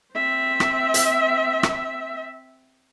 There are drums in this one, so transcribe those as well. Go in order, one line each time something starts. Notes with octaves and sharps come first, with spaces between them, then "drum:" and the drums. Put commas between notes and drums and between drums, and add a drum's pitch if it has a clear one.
C4 E5
drum: rim click
drum: hi-hat
drum: rim click